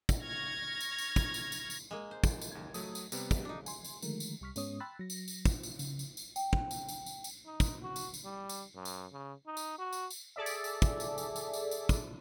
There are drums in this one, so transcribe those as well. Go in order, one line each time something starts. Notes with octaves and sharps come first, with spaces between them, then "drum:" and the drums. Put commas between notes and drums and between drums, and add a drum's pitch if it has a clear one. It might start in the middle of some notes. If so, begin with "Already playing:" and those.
drum: kick, tambourine
C#6 F6 G#6 A#6
drum: tambourine
drum: tambourine
drum: kick, tambourine
drum: tambourine
drum: tambourine
drum: tambourine
G#3 A#3
C5
drum: kick, tambourine
drum: tambourine
D#2 G#6
F#3 A3 D#6, drum: tambourine
drum: tambourine
C3 G3 B3, drum: tambourine
drum: kick, tambourine
D4 D#4
G#5 C6, drum: tambourine
drum: tambourine
D3 D#3 F3 G#3 A3 A#4, drum: tambourine
drum: tambourine
C2 G3 C#6 F6 B6
G#2 G#3 B3 C#4 C#5 D#6, drum: tambourine
G5 B5 C6 E6 F#6 A6
F#3 A#6
drum: tambourine
drum: tambourine
drum: kick, tambourine
drum: tambourine
C#3, drum: tambourine
drum: tambourine
drum: tambourine
G5, drum: tambourine
drum: kick
drum: tambourine
drum: tambourine
drum: tambourine
drum: tambourine
D#4
drum: kick, tambourine
F#4
drum: tambourine
drum: tambourine
G3
drum: tambourine
F#2
drum: tambourine
C#3
D#4
drum: tambourine
F#4
drum: tambourine
drum: tambourine
G#4 A4 D5 E5
drum: tambourine
drum: tambourine
drum: kick, tambourine
drum: tambourine
drum: tambourine
drum: tambourine
drum: tambourine
drum: tambourine
drum: kick, tambourine